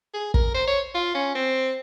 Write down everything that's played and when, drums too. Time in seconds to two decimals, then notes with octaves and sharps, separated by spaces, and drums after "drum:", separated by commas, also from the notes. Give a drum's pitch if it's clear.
0.14 G#4
0.34 A#4, drum: kick
0.54 C5
0.68 C#5
0.94 F4
1.15 C#4
1.35 C4